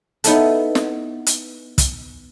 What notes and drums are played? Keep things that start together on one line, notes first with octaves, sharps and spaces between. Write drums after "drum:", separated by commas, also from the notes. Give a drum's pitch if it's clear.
B3 D#4 E4 A4, drum: hi-hat
drum: snare
drum: hi-hat
drum: kick, hi-hat